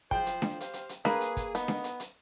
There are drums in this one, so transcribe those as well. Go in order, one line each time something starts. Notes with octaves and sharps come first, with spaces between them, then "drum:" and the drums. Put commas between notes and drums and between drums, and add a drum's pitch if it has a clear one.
F3 C5 G5, drum: kick
drum: hi-hat
drum: snare D4
G4 C5 F5, drum: hi-hat
drum: hi-hat
drum: hi-hat
A#3 G#4 B4, drum: snare D4
drum: hi-hat
drum: kick, hi-hat
B3 D#4, drum: hi-hat
drum: snare D4
drum: hi-hat
drum: hi-hat